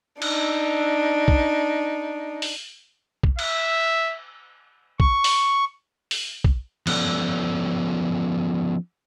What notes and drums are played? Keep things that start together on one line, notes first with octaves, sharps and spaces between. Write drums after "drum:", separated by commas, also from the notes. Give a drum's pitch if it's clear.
D4 D#4, drum: cymbal
drum: kick B1
drum: open hi-hat
drum: kick B1
E5, drum: cymbal
C#6, drum: kick B1
drum: open hi-hat
drum: open hi-hat
drum: kick B1
F3 B3 C#4 F4 A4 D5, drum: cymbal